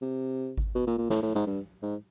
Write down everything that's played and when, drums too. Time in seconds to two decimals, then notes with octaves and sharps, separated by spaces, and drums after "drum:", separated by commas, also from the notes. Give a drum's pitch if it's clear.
0.02 C3
0.57 drum: kick G#1
0.75 B2
0.87 A#2
0.98 A#2
1.10 A2, drum: snare
1.22 A2
1.35 G#2
1.47 G2
1.83 G#2